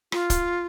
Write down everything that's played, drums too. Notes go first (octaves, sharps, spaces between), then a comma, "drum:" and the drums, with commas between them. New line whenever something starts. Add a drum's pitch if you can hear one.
F4, drum: rim click
drum: kick, hi-hat